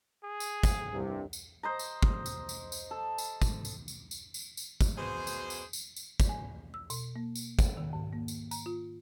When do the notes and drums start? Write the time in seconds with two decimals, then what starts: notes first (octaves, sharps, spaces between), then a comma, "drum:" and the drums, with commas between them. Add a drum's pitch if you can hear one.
0.23 G#4
0.40 drum: tambourine
0.63 drum: kick, tambourine
0.93 C2 G2 C3
1.33 drum: tambourine
1.63 C5 D#5 A#5
1.79 drum: tambourine
2.03 drum: kick
2.26 drum: tambourine
2.49 drum: tambourine
2.72 drum: tambourine
2.91 A4
3.18 drum: tambourine
3.42 drum: kick, tambourine
3.65 drum: tambourine
3.88 drum: tambourine
4.11 drum: tambourine
4.34 drum: tambourine
4.57 drum: tambourine
4.81 drum: kick, tambourine
4.97 F#2 B2 G#4 C5
5.27 drum: tambourine
5.50 drum: tambourine
5.73 drum: tambourine
5.96 drum: tambourine
6.20 drum: kick, tambourine
6.29 G#5
6.74 E6
6.90 B2, drum: tambourine
7.16 A#3
7.35 drum: tambourine
7.59 drum: kick, tambourine
7.77 D#3
7.93 G#2
8.13 A#3
8.28 drum: tambourine
8.51 A#5, drum: tambourine
8.66 F4